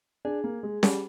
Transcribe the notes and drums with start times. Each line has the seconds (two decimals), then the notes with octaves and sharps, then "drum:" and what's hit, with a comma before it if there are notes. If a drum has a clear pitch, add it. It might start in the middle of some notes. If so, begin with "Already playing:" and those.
0.25 D4 G#4
0.44 A#3
0.63 G#3
0.83 G3, drum: snare C#4